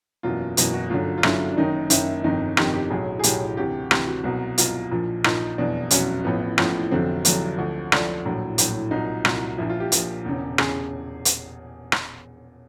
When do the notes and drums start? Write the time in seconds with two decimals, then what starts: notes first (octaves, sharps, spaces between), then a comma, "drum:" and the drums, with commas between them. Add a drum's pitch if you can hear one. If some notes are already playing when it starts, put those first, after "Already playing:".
0.23 F#1 E2 B2 F#3 F4
0.57 F#1 E2 B2 F#3, drum: hi-hat
0.73 F#4
0.90 G1 F#2 D3 F#3 F4
1.18 F4
1.23 G1 F#2 D3 F#3 E4, drum: rim click
1.52 D4
1.57 F#1 F#2 D#3 D#4
1.90 F#1 F#2 D#3 E4, drum: hi-hat
2.24 G1 F2 C3 D#3 D#4
2.57 G1 F2 C3 D#3 G4, drum: rim click
2.73 G4
2.90 B1 A2 F#3 G#4
3.19 G#4
3.23 B1 A2 F#3 G4, drum: hi-hat
3.57 D2 C3 E3 G4
3.91 D2 C3 E3 G4, drum: rim click
4.07 F#4
4.24 C2 B2 F#3
4.58 C2 B2 F#3 F4, drum: hi-hat
4.91 A#1 A#2 F3
5.24 A#1 A#2 F3 D#4, drum: rim click
5.58 F1 E2 B2 F#3 D4
5.91 F1 E2 B2 F#3 C#4, drum: hi-hat
6.24 A1 A2 F3 B3
6.58 A1 A2 F3, drum: rim click
6.91 F1 F2 D3 F#3 C4
7.25 F1 F2 D3 F#3, drum: hi-hat
7.58 D2 D3 F3
7.92 D2 D3 F3 D4, drum: rim click
8.25 A#1 A2 F#3
8.58 A#1 A2 F#3, drum: hi-hat
8.91 C2 A#2 F#3 D#4
9.25 C2 A#2 F#3, drum: rim click
9.58 A#1 A#2 F3 E4
9.69 F4
9.80 G4
9.92 A#1 A#2 F3, drum: hi-hat
10.25 E1 E2 C#3
10.58 E1 C#3 G#4, drum: rim click
11.25 drum: hi-hat
11.92 drum: rim click